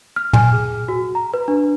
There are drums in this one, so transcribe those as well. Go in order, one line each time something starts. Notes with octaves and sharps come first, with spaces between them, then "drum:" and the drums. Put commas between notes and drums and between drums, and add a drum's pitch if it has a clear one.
F6
G#5, drum: tom
G#4
F#4
A#5
B4
D4